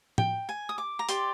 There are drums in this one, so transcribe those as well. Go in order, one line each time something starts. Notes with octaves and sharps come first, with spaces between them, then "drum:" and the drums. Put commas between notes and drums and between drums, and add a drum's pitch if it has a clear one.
G5, drum: tom A2
G#5
D#6
D6
A#5
G4 D5 C6, drum: hi-hat